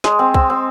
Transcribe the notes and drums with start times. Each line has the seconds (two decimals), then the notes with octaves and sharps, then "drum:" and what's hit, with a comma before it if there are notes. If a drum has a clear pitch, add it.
0.04 G#3, drum: snare
0.19 C4
0.34 C4, drum: kick C2
0.50 C4